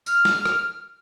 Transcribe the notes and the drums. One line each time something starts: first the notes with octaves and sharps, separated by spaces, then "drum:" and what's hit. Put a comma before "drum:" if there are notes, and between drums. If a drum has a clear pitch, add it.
F6, drum: tambourine
drum: snare
drum: rim click